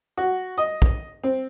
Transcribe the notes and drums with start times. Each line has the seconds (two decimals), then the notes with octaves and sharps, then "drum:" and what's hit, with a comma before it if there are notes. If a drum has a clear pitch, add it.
0.17 F#4
0.58 D#5
0.82 drum: kick
1.24 C4